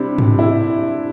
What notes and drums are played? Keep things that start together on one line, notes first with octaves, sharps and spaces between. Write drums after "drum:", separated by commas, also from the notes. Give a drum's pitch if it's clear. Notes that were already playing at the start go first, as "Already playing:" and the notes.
Already playing: C3 G3 C4 D4 E4
drum: tom G#2
E4